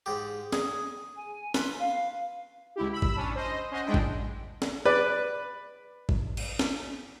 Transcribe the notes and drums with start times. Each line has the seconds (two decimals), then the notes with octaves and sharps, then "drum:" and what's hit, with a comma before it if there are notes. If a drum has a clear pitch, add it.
0.06 G#2 G4
0.53 G#4, drum: snare
1.16 G#5
1.54 B4 C6, drum: snare
1.79 F5
2.76 C#2 E4 G4
2.93 B5 E6
3.02 drum: kick G#1
3.16 C#4 D4
3.35 C5 D#5
3.71 C#4 C5 D#5 F#5
3.85 G#3 D4 E4 G5
3.94 drum: kick G#1
4.62 drum: snare
4.86 B4 D5
6.09 drum: kick G#1
6.37 drum: cymbal
6.59 drum: snare